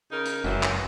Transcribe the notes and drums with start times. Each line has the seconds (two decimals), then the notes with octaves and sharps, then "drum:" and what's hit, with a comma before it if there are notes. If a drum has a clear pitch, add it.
0.11 C#3 D#4 A#4
0.25 drum: hi-hat
0.44 F#1 D#3 E3 F#3, drum: tom
0.63 drum: clap